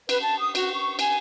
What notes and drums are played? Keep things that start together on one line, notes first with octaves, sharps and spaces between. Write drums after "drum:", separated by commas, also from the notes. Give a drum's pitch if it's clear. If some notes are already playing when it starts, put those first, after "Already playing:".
B4, drum: cymbal
A5
D#6
F#4, drum: cymbal
C#6
G#5, drum: cymbal